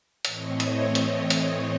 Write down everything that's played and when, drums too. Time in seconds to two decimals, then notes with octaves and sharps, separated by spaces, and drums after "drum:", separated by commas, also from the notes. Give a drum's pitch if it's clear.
0.25 A2 E3 A3 C4 C#5 D#5, drum: hi-hat
0.60 drum: hi-hat
0.95 drum: hi-hat
1.30 drum: hi-hat